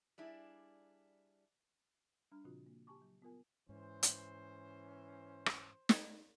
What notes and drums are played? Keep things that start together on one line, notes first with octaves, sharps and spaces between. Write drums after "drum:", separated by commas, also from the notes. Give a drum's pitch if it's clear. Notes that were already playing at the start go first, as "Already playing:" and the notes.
G3 D4 E4 G#4
G3 D4 A#5 F6
A#2 C#3 F3 C4 F4 F#4
A#3
G4 G#5 A5 C#6 D6
F#3
B3 F4 A#4 G#5
G#2 E3 C#4 C5
drum: hi-hat
drum: rim click
drum: snare